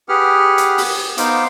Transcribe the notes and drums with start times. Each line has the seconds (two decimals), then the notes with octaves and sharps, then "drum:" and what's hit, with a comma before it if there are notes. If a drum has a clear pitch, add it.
0.09 G4 G#4 B4 F#5 F6
0.58 drum: hi-hat
0.78 drum: open hi-hat
1.18 B3 D#4 C5 F5 D6, drum: hi-hat